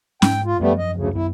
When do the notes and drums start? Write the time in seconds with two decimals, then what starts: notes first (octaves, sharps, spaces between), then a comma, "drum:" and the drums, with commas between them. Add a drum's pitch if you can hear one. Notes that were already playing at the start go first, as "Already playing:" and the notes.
0.22 G#2 G5, drum: snare C#4
0.46 F4
0.60 F#2 F3 G3 A3 B3
0.78 D#5
0.96 D2 C#3
1.15 F#2 B3 E4